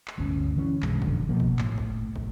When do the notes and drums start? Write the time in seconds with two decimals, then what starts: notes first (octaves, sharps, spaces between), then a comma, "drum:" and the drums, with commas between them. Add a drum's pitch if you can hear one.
0.08 drum: clap
0.18 D1 G1 D2 C#4
0.56 D3 E3 C#4
0.82 B1 F#2 D3 G#3, drum: clap
1.02 F1 A#1 D3, drum: kick
1.29 B2 F3 A#3
1.40 drum: kick
1.59 A2, drum: clap
1.78 drum: kick
2.16 drum: kick